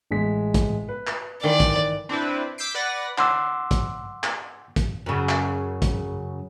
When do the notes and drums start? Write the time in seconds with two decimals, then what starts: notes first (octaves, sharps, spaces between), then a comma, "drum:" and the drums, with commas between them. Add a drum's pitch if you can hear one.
0.11 A1 G#3 B6
0.54 drum: kick, hi-hat
0.88 B4
1.07 drum: clap
1.43 D#3 E3 D5
1.60 drum: kick, hi-hat
2.09 C4 D4 E4 B4
2.58 D6 E6 G6 B6 C7 D7
2.75 B4 D5 F#5 A#6
3.18 F#5 C6 D6 E6, drum: clap
3.71 drum: kick, hi-hat
4.24 drum: clap
4.76 drum: kick, hi-hat
5.06 F#2 C#3
5.29 drum: clap
5.82 drum: kick, hi-hat